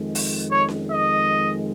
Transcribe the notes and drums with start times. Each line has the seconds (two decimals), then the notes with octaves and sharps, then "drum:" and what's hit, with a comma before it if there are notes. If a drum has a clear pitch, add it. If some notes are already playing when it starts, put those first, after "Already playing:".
Already playing: F2 D#3 G#3
0.15 drum: open hi-hat
0.51 C#5
0.69 drum: snare C#4
0.91 D#5